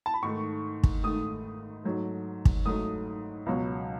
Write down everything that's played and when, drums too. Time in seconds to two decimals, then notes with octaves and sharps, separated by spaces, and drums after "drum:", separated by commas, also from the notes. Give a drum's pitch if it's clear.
0.06 A5
0.14 B5
0.23 G#2 D#3 A3 C#6
0.83 drum: kick
1.03 G#2 D#3 A3 D#6
1.84 G#2 F#3 A3
2.45 drum: kick
2.66 G#2 F#3 A3 D#6
3.46 C#2 B2 F#3